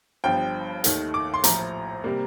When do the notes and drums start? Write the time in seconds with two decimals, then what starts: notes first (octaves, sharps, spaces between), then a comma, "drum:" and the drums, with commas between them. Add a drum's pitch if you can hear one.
0.24 G1 G2 F3 G5
0.84 D#2 D#3 A3, drum: hi-hat
1.14 D6
1.34 C6
1.44 A#1 A2 F3 A#5, drum: hi-hat
2.04 C3 G3 A#3